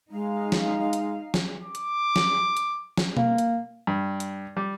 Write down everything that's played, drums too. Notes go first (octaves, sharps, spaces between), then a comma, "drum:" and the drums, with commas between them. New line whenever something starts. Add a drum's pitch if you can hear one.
G#3 D#4 F5
drum: snare
drum: hi-hat
drum: snare
D6
drum: hi-hat
drum: snare
drum: hi-hat
drum: snare
A#3, drum: tom B2
drum: hi-hat
G2
drum: hi-hat
G3